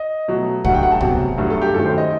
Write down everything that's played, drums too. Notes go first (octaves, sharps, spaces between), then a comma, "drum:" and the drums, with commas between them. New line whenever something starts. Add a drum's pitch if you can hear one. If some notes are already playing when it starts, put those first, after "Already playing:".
Already playing: D#5
B2 F#3 A3
G2 F#3 A3 F#5, drum: kick
G5
F#5
A5
E2 C3 F#3, drum: kick
G2 F#3 A3
A4
G4
F#2 D#3 A3 A4
C5
D#5